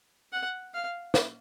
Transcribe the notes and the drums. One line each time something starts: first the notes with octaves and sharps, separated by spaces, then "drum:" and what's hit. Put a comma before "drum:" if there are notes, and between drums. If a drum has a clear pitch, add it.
F#5
F5
drum: snare